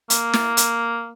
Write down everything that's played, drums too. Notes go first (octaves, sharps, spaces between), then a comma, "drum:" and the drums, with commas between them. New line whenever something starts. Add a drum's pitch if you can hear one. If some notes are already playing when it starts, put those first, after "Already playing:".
A#3, drum: hi-hat
drum: snare
drum: hi-hat